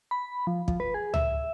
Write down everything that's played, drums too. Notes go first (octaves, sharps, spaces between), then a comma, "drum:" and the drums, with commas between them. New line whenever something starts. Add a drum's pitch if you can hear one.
B5
F3
F3, drum: kick
B4
G#4
E5, drum: tom C#2